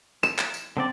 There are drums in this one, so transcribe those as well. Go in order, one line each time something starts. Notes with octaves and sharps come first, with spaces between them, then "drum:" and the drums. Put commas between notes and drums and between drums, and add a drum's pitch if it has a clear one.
E7, drum: tambourine
drum: clap
drum: tambourine
D3 C4 D5